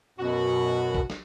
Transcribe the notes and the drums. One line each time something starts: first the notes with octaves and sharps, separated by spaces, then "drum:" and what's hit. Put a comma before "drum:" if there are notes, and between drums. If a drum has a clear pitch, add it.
F#2 B2 F#4
drum: kick B1
drum: snare